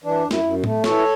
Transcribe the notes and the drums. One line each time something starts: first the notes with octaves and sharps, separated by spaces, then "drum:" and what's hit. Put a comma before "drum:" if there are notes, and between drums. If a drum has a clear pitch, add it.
E3 D4
F#2
E4, drum: snare
F#2
A3, drum: tom A2
E3 A4 C#5, drum: snare